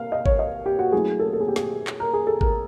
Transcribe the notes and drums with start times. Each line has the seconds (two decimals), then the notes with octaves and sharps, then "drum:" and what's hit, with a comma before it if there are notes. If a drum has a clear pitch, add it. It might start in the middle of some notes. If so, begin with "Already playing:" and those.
Already playing: F5
0.12 D#5
0.26 C#5, drum: kick G#1
0.39 D#5
0.66 G4
0.79 F#4
0.92 F#3 A3 C#4 E4 G#4
1.20 A4
1.33 A4
1.41 G#4
1.48 G4
1.56 G#4, drum: snare
1.87 drum: clap
2.00 A#4
2.13 G#4
2.27 A4
2.41 A#4, drum: kick G#1